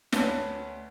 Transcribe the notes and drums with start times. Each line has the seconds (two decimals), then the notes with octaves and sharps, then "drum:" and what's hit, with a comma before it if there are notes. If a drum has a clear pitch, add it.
0.12 D2 C#4 B4 A5, drum: snare